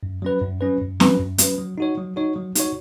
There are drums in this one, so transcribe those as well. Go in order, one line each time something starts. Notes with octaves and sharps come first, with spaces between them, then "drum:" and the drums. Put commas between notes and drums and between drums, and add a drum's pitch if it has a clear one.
F#2
F#3 C#4 B4
F#2
F#3 C#4 B4
F#2
F#3 C#4 B4, drum: snare
F#2
F#3 C#4 B4, drum: hi-hat
F#3
D#4 F#4 C#5
F#3
D#4 F#4 C#5
F#3
D#4 F#4 C#5, drum: hi-hat